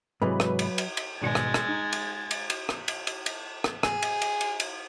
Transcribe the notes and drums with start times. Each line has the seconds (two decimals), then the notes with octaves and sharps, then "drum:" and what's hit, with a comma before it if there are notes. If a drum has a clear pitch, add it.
0.22 G#2 C3 E3 F#3 B4
0.40 drum: rim click
0.59 drum: cymbal
0.78 drum: cymbal
0.97 drum: cymbal
1.21 G#1 B2 G#3 G#6 A6 C#7
1.35 drum: rim click
1.54 drum: rim click
1.68 D#4
1.93 drum: cymbal
2.31 drum: cymbal
2.50 drum: cymbal
2.69 drum: rim click
2.88 drum: cymbal
3.07 drum: cymbal
3.26 drum: cymbal
3.64 drum: rim click
3.83 G#4, drum: rim click
4.02 drum: cymbal
4.22 drum: cymbal
4.41 drum: cymbal
4.60 drum: cymbal